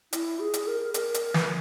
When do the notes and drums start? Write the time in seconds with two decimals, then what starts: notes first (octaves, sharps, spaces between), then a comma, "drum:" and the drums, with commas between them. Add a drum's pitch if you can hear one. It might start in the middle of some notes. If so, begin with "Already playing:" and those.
0.13 E4, drum: hi-hat
0.40 G#4
0.54 drum: hi-hat
0.67 A#4
0.94 A#4, drum: hi-hat
1.14 drum: hi-hat
1.34 B4, drum: snare